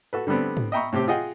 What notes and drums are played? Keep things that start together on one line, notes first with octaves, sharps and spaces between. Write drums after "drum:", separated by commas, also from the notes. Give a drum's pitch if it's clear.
F#4 A4 B4
D3 G3 A3 B3 C4
drum: tom G#2
D#5 E5 G5 A#5 B5 C#6
A2 C3 C4 G4
F4 G#4 D#5 F#5 G5